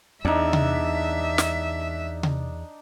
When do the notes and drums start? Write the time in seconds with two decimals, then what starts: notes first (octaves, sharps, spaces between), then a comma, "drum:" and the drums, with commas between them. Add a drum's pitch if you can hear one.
0.25 E2 D4 D#4 E5
0.53 drum: tom C3
1.38 drum: snare
2.23 drum: tom C3